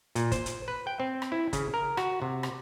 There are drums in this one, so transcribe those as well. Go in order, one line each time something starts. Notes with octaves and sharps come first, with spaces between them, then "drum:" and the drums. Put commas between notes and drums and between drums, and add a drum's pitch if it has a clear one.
A#2, drum: hi-hat
C5, drum: kick, hi-hat
drum: hi-hat
B4
G5
C4
drum: rim click
E4
C#3, drum: kick, hi-hat
A#4
F#4, drum: rim click
C3
drum: rim click